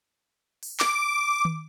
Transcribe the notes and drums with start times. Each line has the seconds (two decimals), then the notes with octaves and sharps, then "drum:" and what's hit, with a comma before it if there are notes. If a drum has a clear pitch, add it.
0.63 drum: open hi-hat
0.80 D6, drum: clap
1.45 drum: tom D#3